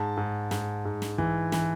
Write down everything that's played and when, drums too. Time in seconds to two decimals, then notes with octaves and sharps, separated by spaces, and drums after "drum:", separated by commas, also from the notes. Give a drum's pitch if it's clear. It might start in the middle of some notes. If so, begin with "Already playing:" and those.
Already playing: G#2 A5
0.17 G#2
0.51 G#2, drum: snare
0.85 G#2
1.02 drum: snare
1.18 E3, drum: kick
1.52 E3, drum: snare